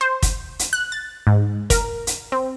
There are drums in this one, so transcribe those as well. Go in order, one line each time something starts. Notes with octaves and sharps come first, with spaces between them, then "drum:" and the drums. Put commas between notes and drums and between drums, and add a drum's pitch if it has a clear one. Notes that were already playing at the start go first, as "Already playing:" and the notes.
C5
drum: kick, hi-hat
drum: hi-hat
F#6
A6
G#2
A#4, drum: kick, hi-hat
drum: hi-hat
C4